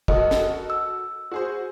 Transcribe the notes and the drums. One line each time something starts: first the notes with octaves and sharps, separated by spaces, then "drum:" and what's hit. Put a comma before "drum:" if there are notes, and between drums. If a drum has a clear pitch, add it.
F#4 A4 A#4 D#5, drum: kick
drum: snare
E6
F#4 G#4 C5